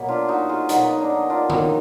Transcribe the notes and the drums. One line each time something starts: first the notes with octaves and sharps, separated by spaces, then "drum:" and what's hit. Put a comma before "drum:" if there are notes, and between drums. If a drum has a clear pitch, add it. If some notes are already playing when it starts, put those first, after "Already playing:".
Already playing: B2 F#3 A#3
D4 F4
D#4 F#4
F4 G#4
B2 F#3 A#3 D#4 F#4, drum: hi-hat
D#4
D4
D#4
D4 F4
D#3 F#3 A#3 D#4 F#4, drum: tom D#3